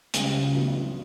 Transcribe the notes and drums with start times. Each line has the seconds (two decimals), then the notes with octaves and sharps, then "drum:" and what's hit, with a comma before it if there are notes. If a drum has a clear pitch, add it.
0.14 C#2 C#3 G3, drum: hi-hat
0.54 A1 A2 F#3 B3 D4